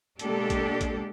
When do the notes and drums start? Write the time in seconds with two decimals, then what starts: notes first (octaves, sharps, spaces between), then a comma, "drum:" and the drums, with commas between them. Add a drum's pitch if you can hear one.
0.19 B2 G#3 A#3 D4 G4 A4, drum: hi-hat
0.50 drum: kick A#1, hi-hat
0.81 drum: kick A#1, hi-hat